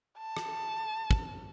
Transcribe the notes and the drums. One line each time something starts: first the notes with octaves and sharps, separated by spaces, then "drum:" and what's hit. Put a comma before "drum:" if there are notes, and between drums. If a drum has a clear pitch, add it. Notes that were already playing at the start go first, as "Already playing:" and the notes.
A5
drum: rim click
drum: kick